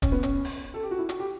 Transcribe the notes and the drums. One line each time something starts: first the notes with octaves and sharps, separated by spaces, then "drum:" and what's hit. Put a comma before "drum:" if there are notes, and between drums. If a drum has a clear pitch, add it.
C#4, drum: kick, hi-hat
B3
C#4, drum: hi-hat
drum: open hi-hat
A4
G4
F#4
E4
F#4, drum: hi-hat
G4